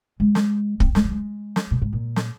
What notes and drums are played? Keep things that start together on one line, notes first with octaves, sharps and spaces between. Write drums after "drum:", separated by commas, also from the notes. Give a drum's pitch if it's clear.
G#3
drum: snare
C4, drum: kick
G#3, drum: snare
F#3
G#3
drum: snare
A#2
G#2
A#2
drum: snare